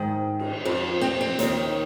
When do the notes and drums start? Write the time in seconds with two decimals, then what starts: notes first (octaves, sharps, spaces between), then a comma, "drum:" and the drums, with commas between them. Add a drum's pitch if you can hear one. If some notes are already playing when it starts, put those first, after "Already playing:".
Already playing: G#2 D#3
0.39 drum: cymbal
0.65 F2 F3
1.01 C4
1.21 C4
1.39 D#2 D#3, drum: hi-hat